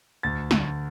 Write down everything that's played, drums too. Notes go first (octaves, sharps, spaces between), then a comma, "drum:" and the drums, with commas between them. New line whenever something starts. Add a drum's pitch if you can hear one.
D2 A6
D2, drum: snare